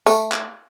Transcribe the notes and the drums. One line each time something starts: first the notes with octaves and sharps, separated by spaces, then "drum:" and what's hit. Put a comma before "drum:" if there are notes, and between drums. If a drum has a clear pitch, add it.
A3, drum: tambourine
drum: clap